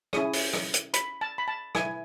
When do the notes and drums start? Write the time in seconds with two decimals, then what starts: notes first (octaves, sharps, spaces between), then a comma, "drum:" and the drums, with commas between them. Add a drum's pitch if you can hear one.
0.13 C#4 E4 G#4 C#5 D#6, drum: rim click
0.33 drum: open hi-hat
0.53 drum: rim click
0.74 drum: hi-hat
0.94 B5, drum: hi-hat
1.21 A5
1.38 B5
1.48 A5
1.75 E4 B4 G#5, drum: rim click